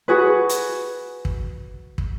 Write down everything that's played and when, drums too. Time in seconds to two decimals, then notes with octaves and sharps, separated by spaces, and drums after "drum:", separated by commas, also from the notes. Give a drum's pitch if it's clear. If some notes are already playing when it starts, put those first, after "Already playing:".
0.08 F#4 G#4 B4
0.49 drum: hi-hat
1.25 drum: kick
1.98 drum: kick